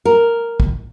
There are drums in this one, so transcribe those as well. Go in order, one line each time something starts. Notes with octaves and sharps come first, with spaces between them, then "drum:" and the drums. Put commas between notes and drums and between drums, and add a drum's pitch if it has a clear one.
A#4
drum: kick